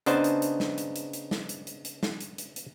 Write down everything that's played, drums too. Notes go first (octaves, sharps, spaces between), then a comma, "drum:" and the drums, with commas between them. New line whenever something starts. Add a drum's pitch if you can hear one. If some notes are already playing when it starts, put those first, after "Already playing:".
C#3 B3 D4 D#4 C5 A5, drum: hi-hat
drum: hi-hat
drum: hi-hat
drum: snare
drum: hi-hat
drum: hi-hat
drum: hi-hat
drum: snare
drum: hi-hat
drum: hi-hat
drum: hi-hat
drum: snare
drum: hi-hat
drum: hi-hat
drum: hi-hat